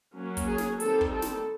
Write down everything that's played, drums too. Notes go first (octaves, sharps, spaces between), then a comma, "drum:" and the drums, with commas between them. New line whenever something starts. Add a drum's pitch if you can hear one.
F#3 A#3 C#4
drum: kick, hi-hat
G#4
drum: snare
D#3 G3 C4 A4, drum: hi-hat
drum: kick
A4
drum: snare